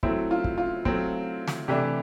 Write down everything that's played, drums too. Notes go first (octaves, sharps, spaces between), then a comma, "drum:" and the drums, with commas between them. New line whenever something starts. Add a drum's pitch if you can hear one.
F#3 A3 C4 E4, drum: kick
F4
drum: kick
F4
F#3 A3 C4, drum: kick
drum: snare
C3 E3 A3 D4 G4